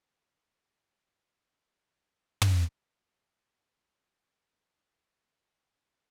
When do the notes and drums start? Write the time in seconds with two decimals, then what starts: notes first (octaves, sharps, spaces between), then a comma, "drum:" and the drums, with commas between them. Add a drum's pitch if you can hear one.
0.20 G4 C#5 F5 G#5 D#6 G6
2.42 drum: tom
4.30 B2 D#3 C#4 G4
4.66 C3 G3 A3 A#3 D#4 B4
4.95 A3 D#4 G#4 C5
5.34 A2 C3 F3 A#3
5.71 G#4 D5 D#5 A#5